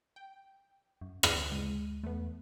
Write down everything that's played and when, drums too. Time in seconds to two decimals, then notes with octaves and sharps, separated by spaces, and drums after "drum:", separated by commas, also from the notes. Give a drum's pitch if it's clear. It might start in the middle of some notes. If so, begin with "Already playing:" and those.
0.16 G5
1.01 F#2
1.23 D2, drum: rim click
1.50 C#2 G#3 D#7
2.03 E2 A3 B3